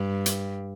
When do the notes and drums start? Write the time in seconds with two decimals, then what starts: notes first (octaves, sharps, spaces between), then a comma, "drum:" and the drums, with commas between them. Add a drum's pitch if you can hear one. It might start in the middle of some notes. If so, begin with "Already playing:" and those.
Already playing: G2
0.26 drum: hi-hat